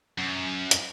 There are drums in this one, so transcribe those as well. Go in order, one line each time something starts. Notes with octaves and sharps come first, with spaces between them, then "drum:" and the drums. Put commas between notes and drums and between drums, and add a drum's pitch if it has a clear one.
F#2
drum: hi-hat